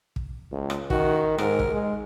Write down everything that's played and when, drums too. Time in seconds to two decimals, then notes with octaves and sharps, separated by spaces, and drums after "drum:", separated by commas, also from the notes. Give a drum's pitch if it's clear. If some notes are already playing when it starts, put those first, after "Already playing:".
0.16 drum: kick
0.52 C#2
0.70 drum: rim click
0.90 D#3 F#4, drum: kick
1.38 G#2 A#4, drum: rim click
1.59 drum: kick
1.71 G#3